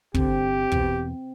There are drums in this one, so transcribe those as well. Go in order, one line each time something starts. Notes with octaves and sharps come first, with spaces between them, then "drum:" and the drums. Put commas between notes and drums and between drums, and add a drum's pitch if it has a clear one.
G1 D3 C4 G4, drum: kick
E2 B2, drum: kick